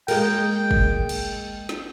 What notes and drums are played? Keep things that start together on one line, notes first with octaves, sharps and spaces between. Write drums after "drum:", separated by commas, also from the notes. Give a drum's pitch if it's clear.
G#3 A#3 G5, drum: cymbal
drum: kick
drum: cymbal
drum: snare